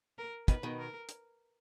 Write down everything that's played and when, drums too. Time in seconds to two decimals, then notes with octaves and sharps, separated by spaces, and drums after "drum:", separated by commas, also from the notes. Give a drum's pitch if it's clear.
0.18 A#4
0.48 B2 D#3 B4, drum: kick, hi-hat
0.63 B2 D#3
0.79 A#4
1.09 drum: hi-hat